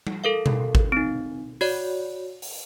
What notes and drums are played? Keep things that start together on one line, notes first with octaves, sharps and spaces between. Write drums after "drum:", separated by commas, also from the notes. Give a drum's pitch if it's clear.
drum: tom G3
A4 A#4 F5
drum: tom B2
drum: kick G#1
C4 D#4
F#4 C#5 D5, drum: open hi-hat
drum: open hi-hat